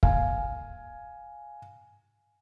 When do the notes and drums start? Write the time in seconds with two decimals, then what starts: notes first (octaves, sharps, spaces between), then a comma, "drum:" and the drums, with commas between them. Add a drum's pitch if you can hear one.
0.03 F5 G#5, drum: kick